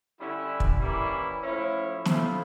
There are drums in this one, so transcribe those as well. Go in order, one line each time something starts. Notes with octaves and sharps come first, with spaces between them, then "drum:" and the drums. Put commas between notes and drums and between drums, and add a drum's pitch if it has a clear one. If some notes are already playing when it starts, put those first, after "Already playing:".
D3 G3 C#4 E4
drum: kick
E3 G3 A#3 C#4 E4
A2 F3 C#4 E4
F3 A3 E4, drum: snare